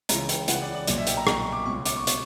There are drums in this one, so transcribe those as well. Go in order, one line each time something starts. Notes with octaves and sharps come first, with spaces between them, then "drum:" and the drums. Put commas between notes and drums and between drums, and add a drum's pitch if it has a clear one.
C#2 C#3 E3 A#5, drum: hi-hat
G5, drum: hi-hat
C#2 C#3 E3 F#5, drum: hi-hat
D5
D5
B1 A#2 D5, drum: hi-hat
E5
G5, drum: hi-hat
A#5
B1 A#2 C#6, drum: rim click
C#6
D6
C#2 B2 C#6
D6, drum: hi-hat
C#6
B2, drum: hi-hat